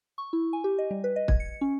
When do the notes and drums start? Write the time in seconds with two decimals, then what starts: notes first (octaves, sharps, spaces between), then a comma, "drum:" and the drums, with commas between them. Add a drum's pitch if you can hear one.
0.18 C#6
0.33 E4
0.53 G#5
0.64 G4
0.78 D#5
0.91 G3
1.04 B4
1.16 D#5
1.28 G#6, drum: kick
1.40 C#7
1.61 C#4